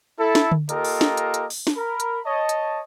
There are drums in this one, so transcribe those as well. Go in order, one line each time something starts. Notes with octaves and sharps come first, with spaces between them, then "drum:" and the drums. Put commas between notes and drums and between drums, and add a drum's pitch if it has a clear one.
E4 A4
drum: snare
drum: tom D3
A#3 F4 G4 A4 A#4 D#5, drum: hi-hat
drum: open hi-hat
drum: snare
drum: hi-hat
drum: hi-hat
drum: open hi-hat
drum: snare
A#4 B5
drum: hi-hat
C#5 D#5 A5
drum: hi-hat